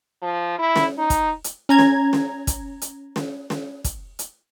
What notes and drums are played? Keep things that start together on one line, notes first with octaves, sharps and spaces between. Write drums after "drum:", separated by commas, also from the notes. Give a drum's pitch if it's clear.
F3
E4
drum: snare
D#4
drum: kick, hi-hat
drum: hi-hat
C#4 A#5 G#6
drum: snare
drum: snare
drum: kick, hi-hat
drum: hi-hat
drum: snare
drum: snare
drum: kick, hi-hat
drum: hi-hat